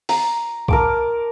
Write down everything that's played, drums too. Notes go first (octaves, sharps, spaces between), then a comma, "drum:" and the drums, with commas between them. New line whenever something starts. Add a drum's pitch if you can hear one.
A#5, drum: open hi-hat
A#4 A5 D6, drum: kick